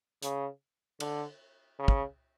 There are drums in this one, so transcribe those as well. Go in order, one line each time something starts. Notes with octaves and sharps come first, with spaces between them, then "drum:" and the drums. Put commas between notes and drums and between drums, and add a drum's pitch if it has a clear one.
C#3, drum: hi-hat
D3, drum: cymbal
C#3
drum: kick